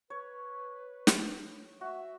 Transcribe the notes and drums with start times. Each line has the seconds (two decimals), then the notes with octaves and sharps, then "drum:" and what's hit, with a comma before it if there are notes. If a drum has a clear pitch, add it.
0.10 B4 C#5
1.07 drum: snare
1.81 F#4 E5